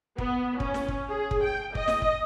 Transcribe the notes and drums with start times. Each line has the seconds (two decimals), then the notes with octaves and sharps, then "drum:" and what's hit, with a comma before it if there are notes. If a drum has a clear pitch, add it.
0.18 B3, drum: kick
0.60 C#4, drum: kick
0.74 drum: snare
0.88 drum: kick
1.10 G#4
1.31 drum: kick
1.44 G5
1.75 D#5, drum: kick
1.88 drum: snare
2.02 drum: kick